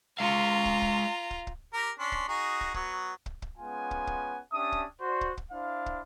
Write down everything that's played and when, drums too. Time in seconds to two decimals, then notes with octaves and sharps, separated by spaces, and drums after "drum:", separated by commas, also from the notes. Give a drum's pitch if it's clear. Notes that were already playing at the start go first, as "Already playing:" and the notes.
0.19 G#3 F4 F5 A#5
0.66 drum: kick
0.82 drum: kick
1.31 drum: kick
1.47 drum: kick
1.73 G4 A#4
1.99 C#4 D4 C6
2.12 drum: kick
2.28 D#4 F#4 G#4
2.61 drum: kick
2.74 F#3 B3, drum: kick
3.26 drum: kick
3.42 drum: kick
3.58 G#3 B3 C#4 F4 F#5 G#5
3.91 drum: kick
4.07 drum: kick
4.52 C#4 D4 G4 E5 A5 D#6
4.72 drum: kick
5.01 F#4 C5 D5
5.21 drum: kick
5.37 drum: kick
5.51 D4 E4 C5 F5
5.86 drum: kick